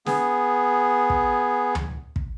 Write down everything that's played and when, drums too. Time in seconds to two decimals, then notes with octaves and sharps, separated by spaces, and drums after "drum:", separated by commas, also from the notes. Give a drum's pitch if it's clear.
0.06 B3 G#4, drum: snare
1.10 drum: kick
1.75 drum: tom D2
2.16 drum: kick